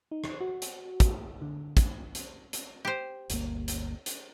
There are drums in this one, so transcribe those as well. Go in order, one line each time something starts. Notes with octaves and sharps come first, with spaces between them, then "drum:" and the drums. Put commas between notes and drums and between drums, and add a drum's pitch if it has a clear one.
D#4
drum: rim click
F#4
drum: hi-hat
drum: kick, hi-hat
D3
drum: kick, hi-hat
drum: hi-hat
drum: hi-hat
G4 C5
G1 D2 A#3, drum: hi-hat
drum: hi-hat
drum: hi-hat